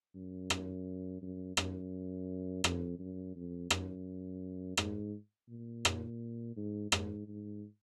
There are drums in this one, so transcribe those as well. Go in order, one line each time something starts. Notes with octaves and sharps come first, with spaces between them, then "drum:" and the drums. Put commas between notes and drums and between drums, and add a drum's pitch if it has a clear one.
F#2
drum: rim click
F#2
F#2, drum: rim click
F2, drum: rim click
F#2
F2
F#2, drum: rim click
G#2, drum: rim click
A#2
drum: rim click
G#2
G#2, drum: rim click
G#2